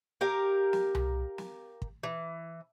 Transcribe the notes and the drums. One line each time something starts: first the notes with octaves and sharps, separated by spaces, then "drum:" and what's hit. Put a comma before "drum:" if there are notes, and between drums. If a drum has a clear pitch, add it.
G4 A#4 F5
drum: snare
drum: tom C2
drum: snare
drum: kick
E3